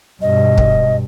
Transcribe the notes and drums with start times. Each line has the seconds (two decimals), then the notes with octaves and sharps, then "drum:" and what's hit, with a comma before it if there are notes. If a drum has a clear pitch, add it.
0.22 G2 B2 D#5
0.58 drum: kick